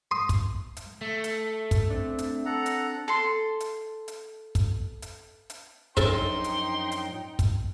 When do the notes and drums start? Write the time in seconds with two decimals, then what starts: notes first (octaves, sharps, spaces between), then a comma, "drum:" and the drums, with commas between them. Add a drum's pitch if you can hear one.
0.11 C6 D#6
0.29 drum: kick, hi-hat
0.77 drum: hi-hat
1.01 A3
1.24 drum: hi-hat
1.71 drum: kick, hi-hat
1.90 C4 D4
2.18 drum: hi-hat
2.45 A4 F#5 A#5
2.66 drum: hi-hat
3.08 A4 C6
3.60 drum: hi-hat
4.08 drum: hi-hat
4.55 drum: kick, hi-hat
5.02 drum: hi-hat
5.50 drum: hi-hat
5.97 F#2 F3 D4 D#4 A4 A#4 G5 C6, drum: kick, hi-hat
6.44 drum: hi-hat
6.92 drum: hi-hat
7.39 drum: kick, hi-hat